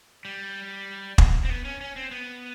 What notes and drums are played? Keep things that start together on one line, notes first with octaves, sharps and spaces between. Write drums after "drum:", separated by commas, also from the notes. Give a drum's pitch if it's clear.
G3
drum: kick
C4
B3
C#4
C#4
C4
B3